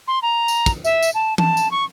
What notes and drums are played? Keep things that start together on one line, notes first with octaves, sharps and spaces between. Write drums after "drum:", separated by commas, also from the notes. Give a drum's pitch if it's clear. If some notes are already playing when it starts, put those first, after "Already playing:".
C6
A#5
drum: tambourine
drum: kick, tambourine
E5, drum: tambourine
drum: tambourine
A5
A5, drum: tom E3
drum: tambourine
C#6